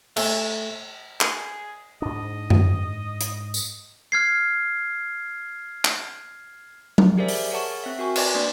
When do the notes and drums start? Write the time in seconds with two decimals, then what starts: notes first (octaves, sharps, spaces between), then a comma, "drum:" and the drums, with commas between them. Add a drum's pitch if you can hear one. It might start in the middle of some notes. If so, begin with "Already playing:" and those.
0.16 A3, drum: cymbal
1.21 G#4, drum: clap
2.02 G#2 D4 D#5
2.50 drum: tom F#2
3.21 drum: hi-hat
3.54 drum: tambourine
4.12 F6 G#6 C7
5.85 drum: clap
6.98 drum: tom F#3
7.17 G4 G#4 A#4 C5 D5 E5
7.29 drum: open hi-hat
7.51 G#4 A#4 C#5 F#5 A5 C#6
7.84 C4 E5
7.99 F#4 A#4 G#5 C#6
8.16 B4 D5 C6 D6, drum: cymbal
8.35 A#3 D4 D5 C6